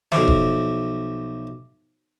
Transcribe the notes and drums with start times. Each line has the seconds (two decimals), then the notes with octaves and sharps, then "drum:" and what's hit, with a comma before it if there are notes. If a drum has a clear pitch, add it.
0.12 B1 F3 E5 D6, drum: snare
0.27 drum: kick E1